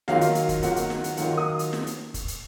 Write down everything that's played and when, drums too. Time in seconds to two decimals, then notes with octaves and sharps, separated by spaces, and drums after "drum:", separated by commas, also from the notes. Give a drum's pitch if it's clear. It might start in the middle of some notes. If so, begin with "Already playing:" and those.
0.08 D#3 F#3 A#3 F4 F5, drum: snare
0.21 drum: hi-hat
0.35 drum: hi-hat
0.49 drum: kick, hi-hat
0.62 D#3 F#3 A#3 F4 F#5, drum: hi-hat
0.76 drum: hi-hat
0.90 drum: snare
1.04 drum: hi-hat
1.17 D#3 F#3 A#3 F4 F#5, drum: hi-hat
1.38 D#6
1.59 drum: hi-hat
1.73 drum: snare
1.87 drum: hi-hat
2.14 drum: kick, hi-hat
2.28 drum: hi-hat